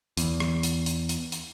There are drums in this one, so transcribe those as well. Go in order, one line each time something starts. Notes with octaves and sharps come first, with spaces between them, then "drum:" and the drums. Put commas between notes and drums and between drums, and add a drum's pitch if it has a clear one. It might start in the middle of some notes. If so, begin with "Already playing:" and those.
E2, drum: hi-hat
drum: rim click
drum: hi-hat
drum: hi-hat
drum: hi-hat
drum: hi-hat